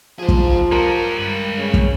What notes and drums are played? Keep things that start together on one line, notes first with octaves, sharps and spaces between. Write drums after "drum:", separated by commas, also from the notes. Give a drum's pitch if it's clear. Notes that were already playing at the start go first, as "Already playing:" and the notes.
F3 G#4 C5
drum: kick
G3 C#4 F#4 G4 A#4
G2 G#3 B5
C#3
drum: kick